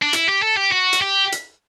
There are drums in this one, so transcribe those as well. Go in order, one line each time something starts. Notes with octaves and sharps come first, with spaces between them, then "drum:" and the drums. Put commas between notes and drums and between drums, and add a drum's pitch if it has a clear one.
D4
E4, drum: hi-hat
G4
A4
G4
F#4
drum: hi-hat
G4
drum: hi-hat